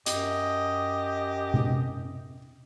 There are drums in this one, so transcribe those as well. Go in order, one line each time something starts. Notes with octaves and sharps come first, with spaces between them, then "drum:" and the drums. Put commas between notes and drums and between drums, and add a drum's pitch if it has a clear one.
F#2 G4 D#5, drum: hi-hat
drum: tom C3